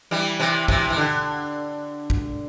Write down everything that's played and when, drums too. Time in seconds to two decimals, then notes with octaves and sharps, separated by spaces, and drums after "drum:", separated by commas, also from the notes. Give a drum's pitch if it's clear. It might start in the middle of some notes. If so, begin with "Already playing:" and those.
0.11 E3 G3
0.40 C3 E3
0.68 C3 E3, drum: kick
0.90 E3
0.97 D3
2.10 drum: kick